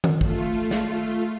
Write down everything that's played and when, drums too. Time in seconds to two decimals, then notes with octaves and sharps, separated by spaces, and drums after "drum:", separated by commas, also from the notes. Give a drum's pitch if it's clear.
0.04 drum: tom D#3
0.21 A3 F4, drum: kick
0.71 drum: snare